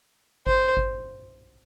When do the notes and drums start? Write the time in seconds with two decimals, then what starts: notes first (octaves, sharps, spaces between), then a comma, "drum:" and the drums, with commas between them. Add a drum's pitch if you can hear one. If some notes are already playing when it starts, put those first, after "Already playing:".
0.47 C5, drum: kick G#1
0.77 drum: kick G#1